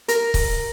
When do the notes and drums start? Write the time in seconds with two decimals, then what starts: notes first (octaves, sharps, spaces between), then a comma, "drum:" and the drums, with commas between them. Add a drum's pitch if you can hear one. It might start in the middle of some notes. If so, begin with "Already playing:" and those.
0.08 A#4, drum: hi-hat
0.34 drum: kick C#1, open hi-hat